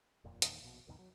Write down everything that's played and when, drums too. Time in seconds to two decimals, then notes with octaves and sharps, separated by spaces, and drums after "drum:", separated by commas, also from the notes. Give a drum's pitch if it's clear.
0.24 D#1 F2 A#2
0.42 E1 E2 A#2 D#3, drum: hi-hat
0.61 A#1 B2
0.87 C#2 F#2 B2 D#3
0.99 F#3